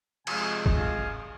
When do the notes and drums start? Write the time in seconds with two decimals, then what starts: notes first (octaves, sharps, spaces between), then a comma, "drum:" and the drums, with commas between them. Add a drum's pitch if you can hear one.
0.27 C3 F3 G#3 F5 G#5, drum: cymbal
0.66 drum: kick
0.75 F5 G#5